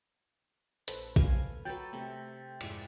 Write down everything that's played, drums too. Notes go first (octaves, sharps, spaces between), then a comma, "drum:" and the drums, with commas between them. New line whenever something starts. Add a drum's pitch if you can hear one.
A#1 A4 B4 C5, drum: hi-hat
F5 G#5, drum: kick A#1
F#3 A4 B4 G5 G6 A6
C3 A3 A4
F2 G#2 E4 D5 G#5, drum: cymbal